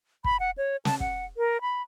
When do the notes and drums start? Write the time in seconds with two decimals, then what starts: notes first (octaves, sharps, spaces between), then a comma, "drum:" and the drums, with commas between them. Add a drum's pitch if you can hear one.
0.24 B5, drum: kick
0.40 F#5
0.58 C#5
0.85 A5, drum: snare
1.00 F#5, drum: kick
1.37 A#4
1.61 B5